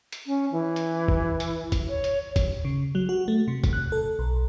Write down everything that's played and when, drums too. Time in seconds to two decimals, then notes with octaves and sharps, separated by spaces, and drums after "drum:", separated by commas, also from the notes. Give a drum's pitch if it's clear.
0.12 drum: hi-hat
0.27 C#4
0.52 E3
0.76 drum: hi-hat
1.08 drum: kick
1.40 drum: hi-hat
1.72 drum: kick, hi-hat
1.89 C#5
2.04 drum: hi-hat
2.36 drum: kick, hi-hat
2.65 C#3
2.95 F#3
3.09 F#4
3.28 A3
3.48 C3
3.64 drum: kick, hi-hat
3.73 F#6
3.92 A4
4.19 B1